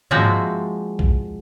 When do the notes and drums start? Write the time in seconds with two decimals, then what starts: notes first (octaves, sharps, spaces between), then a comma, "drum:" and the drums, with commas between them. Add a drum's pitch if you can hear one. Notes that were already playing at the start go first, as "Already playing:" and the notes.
0.11 F3 G#3 A#3 C4 F#4 E5, drum: tom G2
0.99 drum: kick